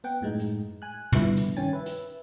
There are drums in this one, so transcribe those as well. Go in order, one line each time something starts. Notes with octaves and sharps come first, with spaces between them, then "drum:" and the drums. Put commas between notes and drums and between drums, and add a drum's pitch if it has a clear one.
B3 F#5 G5
F#2 A2 G#3 D#4
drum: hi-hat
G#5 F#6
G2 B2 D3 F3 B3 E4, drum: tom
drum: hi-hat
G2 D#3 C#4 G5 G#5 A6
B4 E5
drum: hi-hat